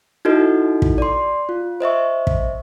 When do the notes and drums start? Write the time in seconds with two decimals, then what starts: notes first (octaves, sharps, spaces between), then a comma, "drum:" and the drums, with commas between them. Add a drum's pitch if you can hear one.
0.25 D#4 E4 F#4 A4 D#5
0.82 drum: kick
0.98 D5 C6
1.49 F4
1.80 C5 D#5 E5 C#6
2.27 drum: kick